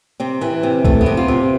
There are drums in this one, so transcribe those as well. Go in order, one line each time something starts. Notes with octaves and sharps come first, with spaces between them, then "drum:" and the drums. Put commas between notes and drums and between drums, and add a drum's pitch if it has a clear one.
C3 C4
E3
C3
C3 A3, drum: kick
B3
C3
F4
C3